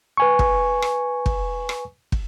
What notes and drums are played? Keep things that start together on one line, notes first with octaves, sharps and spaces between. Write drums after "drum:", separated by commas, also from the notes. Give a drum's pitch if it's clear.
B4 G#5 C#6
drum: kick
drum: rim click
drum: kick
drum: rim click
drum: kick